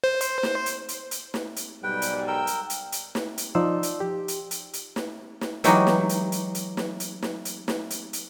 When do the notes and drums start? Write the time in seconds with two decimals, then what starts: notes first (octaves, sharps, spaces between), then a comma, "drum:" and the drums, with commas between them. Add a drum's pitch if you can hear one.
0.04 C5
0.21 drum: hi-hat
0.43 drum: snare
0.66 drum: hi-hat
0.88 drum: hi-hat
1.11 drum: hi-hat
1.34 drum: snare
1.56 drum: hi-hat
1.83 B1 G#2 G3 B4 G5
2.02 drum: hi-hat
2.28 A#4 G5 E6
2.47 drum: hi-hat
2.70 drum: hi-hat
2.92 drum: hi-hat
3.15 drum: snare
3.38 drum: hi-hat
3.55 F3 D#4 D5 C6 E6
3.83 drum: hi-hat
4.00 G4
4.28 drum: hi-hat
4.51 drum: hi-hat
4.73 drum: hi-hat
4.96 drum: snare
5.41 drum: snare
5.64 E3 F#3 G#3 D#4 F#4 G4, drum: hi-hat
5.87 drum: snare
6.09 drum: hi-hat
6.32 drum: hi-hat
6.55 drum: hi-hat
6.77 drum: snare
7.00 drum: hi-hat
7.23 drum: snare
7.45 drum: hi-hat
7.68 drum: snare
7.90 drum: hi-hat
8.13 drum: hi-hat